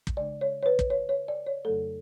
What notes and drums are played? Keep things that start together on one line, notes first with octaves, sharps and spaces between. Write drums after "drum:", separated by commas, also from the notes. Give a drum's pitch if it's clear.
drum: kick
C#3 G#3 D4 D5
C#5
C#5
B4
drum: kick
C#5
C#5
D5
C#5
F2 C#3 F#3 A3 A4